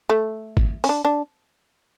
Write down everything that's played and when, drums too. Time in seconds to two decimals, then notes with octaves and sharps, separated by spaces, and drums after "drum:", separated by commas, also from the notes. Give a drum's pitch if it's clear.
0.09 A3
0.57 drum: kick G#1
0.84 C#4, drum: open hi-hat
0.89 D4
1.05 D4